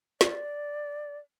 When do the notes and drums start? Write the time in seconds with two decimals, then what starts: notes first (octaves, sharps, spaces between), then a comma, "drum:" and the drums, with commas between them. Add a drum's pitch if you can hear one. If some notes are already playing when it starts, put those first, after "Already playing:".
0.21 D5, drum: snare